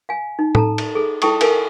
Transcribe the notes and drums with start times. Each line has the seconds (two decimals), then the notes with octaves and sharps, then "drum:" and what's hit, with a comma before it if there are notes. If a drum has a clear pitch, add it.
0.09 F5 G#5
0.39 D#4
0.55 A4 A5 A#5, drum: tom A2
0.78 drum: cymbal
0.95 G#4 A4
1.22 E4 A4 G5 A5 C#6 D#6, drum: cymbal
1.41 A4 A#4 F5 G#5, drum: cymbal